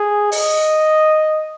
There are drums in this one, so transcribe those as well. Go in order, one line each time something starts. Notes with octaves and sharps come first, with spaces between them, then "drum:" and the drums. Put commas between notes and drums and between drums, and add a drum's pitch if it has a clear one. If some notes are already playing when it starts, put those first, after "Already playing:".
Already playing: G#4
D#5, drum: open hi-hat